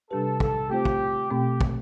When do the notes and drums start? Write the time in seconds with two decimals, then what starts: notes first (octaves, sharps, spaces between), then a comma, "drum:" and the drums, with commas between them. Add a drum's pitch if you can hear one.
0.10 C3 G3 D4 G4 A4 B4
0.40 A4, drum: kick
0.70 A3 C4 F4 G4 C5
0.85 drum: kick
1.30 B2 A3 C4 G4
1.61 drum: kick